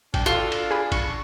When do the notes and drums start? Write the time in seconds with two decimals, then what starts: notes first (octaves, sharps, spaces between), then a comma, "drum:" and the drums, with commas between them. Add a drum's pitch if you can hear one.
0.14 D4 G5, drum: kick, cymbal
0.26 F4 F#4 A4
0.52 drum: cymbal
0.71 G#4 B5
0.92 C#6, drum: kick, cymbal